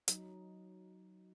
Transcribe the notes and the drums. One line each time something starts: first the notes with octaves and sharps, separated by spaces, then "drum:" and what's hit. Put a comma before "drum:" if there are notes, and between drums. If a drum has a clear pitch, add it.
F#3 D#4, drum: hi-hat